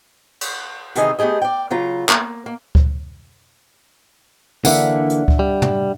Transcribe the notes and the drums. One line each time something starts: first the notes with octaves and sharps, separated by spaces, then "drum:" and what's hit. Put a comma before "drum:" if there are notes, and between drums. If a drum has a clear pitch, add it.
drum: cymbal
C3 D#3 E3 G#4 D#5 G#5, drum: hi-hat
A3 B3 G4 G#4 D#5
D5 G5
C#3 F#3 F4 A#5
A#3, drum: clap
A#3
drum: kick D2
D3 E3 A#3 D4 E5 F#5, drum: tambourine
drum: hi-hat
drum: kick D2
G3
drum: tom